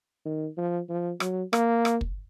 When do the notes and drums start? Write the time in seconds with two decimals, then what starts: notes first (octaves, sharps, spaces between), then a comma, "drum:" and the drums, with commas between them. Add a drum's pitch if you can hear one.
0.25 D#3
0.57 F3
0.89 F3
1.20 F#3, drum: rim click
1.53 A#3, drum: rim click
1.85 drum: rim click
2.01 drum: kick